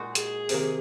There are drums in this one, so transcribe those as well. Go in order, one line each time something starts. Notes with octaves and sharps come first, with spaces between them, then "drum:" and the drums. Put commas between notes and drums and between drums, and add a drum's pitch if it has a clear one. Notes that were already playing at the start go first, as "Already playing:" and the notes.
Already playing: A#2 G#3 D#4 F#4
G#4, drum: hi-hat
C3 D#3 A#3, drum: open hi-hat